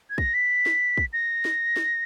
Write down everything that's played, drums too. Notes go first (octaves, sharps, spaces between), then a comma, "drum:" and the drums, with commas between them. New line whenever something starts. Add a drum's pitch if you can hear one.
G#6
A#6, drum: kick
B6
drum: snare
drum: kick
A#6
drum: snare
drum: snare